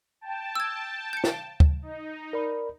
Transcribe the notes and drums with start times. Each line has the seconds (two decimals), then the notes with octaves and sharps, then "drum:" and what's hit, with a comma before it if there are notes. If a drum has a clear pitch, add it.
0.21 G5 A5
0.55 E6 G#6
1.13 G6 C#7
1.24 drum: snare
1.60 drum: kick D2
1.82 D#4
2.33 A#4 D5 B5